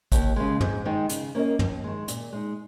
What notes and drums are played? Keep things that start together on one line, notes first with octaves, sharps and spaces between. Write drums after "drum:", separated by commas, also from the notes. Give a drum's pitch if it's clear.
D#2, drum: kick, hi-hat
C#3 G#3
G#2, drum: tom
D#3 G#3 D#4
C#3, drum: hi-hat
A#3 C#4 A#4 D#5
D#2, drum: tom
D#3 G#3
A#2, drum: hi-hat
G#3 D#4